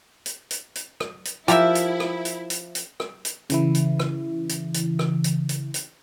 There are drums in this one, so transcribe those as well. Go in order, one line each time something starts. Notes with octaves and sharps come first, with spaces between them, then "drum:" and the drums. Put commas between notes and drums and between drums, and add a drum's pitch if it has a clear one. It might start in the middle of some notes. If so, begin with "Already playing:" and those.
drum: hi-hat
drum: hi-hat
drum: hi-hat
drum: rim click
drum: hi-hat
F3 E4 G4 A#4 E5, drum: hi-hat
drum: hi-hat
drum: rim click
drum: hi-hat
drum: hi-hat
drum: hi-hat
drum: rim click
drum: hi-hat
C#3 E3 E4, drum: hi-hat
drum: hi-hat
drum: rim click
drum: hi-hat
drum: hi-hat
drum: rim click
drum: hi-hat
drum: hi-hat
drum: hi-hat